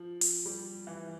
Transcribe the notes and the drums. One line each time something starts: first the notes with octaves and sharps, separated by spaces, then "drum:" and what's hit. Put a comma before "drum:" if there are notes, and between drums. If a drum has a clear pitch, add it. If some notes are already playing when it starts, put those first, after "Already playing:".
Already playing: F3
drum: hi-hat
G3
E3